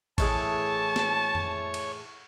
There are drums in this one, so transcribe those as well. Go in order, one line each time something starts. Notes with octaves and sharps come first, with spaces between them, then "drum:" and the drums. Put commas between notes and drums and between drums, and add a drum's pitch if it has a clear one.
A2 E3 G#4 C#5 A5, drum: kick A1, cymbal
drum: snare
drum: tom F2
drum: cymbal